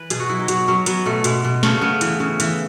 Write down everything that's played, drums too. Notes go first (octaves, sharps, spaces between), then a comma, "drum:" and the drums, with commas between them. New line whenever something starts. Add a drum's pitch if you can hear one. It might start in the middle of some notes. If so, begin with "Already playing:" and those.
Already playing: E3 B4
B2 G#4, drum: hi-hat
F#4
F#3 E4
D#4
F#3 F#4, drum: hi-hat
F#3 C#4
F#3 B3, drum: hi-hat
B2 A3
B2 G#3, drum: hi-hat
B2
C#3 A3, drum: snare
C#3 B3
E3, drum: hi-hat
C#3
E3, drum: hi-hat